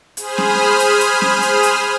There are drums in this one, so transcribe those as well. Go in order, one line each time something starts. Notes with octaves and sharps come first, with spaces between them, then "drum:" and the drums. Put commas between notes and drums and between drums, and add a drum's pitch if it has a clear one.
G#4 C5 G#5 B5 D#6 F6, drum: hi-hat
drum: snare C#4
drum: hi-hat
drum: hi-hat
drum: snare C#4
drum: hi-hat
drum: hi-hat